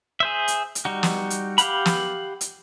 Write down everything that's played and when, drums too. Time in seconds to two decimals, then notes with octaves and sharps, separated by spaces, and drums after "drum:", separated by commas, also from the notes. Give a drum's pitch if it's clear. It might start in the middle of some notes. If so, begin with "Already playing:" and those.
0.20 G#4 C5 E5
0.48 drum: hi-hat
0.75 drum: hi-hat
0.85 G3 D#4 F#4
1.03 drum: snare
1.30 drum: hi-hat
1.58 G4 F5 F#5 B5, drum: hi-hat
1.85 drum: snare
2.41 drum: hi-hat